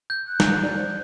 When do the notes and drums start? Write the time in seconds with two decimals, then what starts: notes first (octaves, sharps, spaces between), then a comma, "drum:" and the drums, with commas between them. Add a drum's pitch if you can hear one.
0.10 G6
0.27 F#6
0.40 drum: snare
0.62 D5
0.77 C5